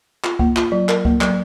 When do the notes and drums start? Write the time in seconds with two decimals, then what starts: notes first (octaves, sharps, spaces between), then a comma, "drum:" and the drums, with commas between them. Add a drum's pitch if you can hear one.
0.24 F4, drum: clap
0.39 A#3, drum: kick C#2
0.56 F4, drum: clap
0.72 F#3
0.89 A#4, drum: clap
1.05 A#3, drum: kick C#2
1.21 F#3, drum: clap